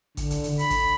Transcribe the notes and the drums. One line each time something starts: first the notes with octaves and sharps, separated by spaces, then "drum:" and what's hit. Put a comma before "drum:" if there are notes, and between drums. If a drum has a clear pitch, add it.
D3, drum: kick G#1, hi-hat
drum: hi-hat
drum: hi-hat
B5, drum: hi-hat
drum: kick G#1, hi-hat